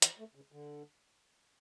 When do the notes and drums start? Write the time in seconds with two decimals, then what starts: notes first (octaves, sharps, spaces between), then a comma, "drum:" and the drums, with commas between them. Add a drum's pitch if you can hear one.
0.02 E3, drum: hi-hat
0.19 A3
0.35 C#3
0.52 D3